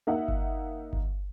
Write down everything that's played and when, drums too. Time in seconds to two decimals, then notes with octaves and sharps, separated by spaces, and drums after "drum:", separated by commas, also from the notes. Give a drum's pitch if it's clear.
0.07 A#3 D#4 A#4 E5 F#5
0.28 drum: kick G1
0.93 drum: kick G1